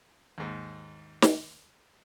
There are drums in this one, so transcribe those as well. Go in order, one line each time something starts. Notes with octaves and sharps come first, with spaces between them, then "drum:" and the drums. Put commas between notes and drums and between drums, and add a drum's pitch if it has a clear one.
D#2 G#2
drum: snare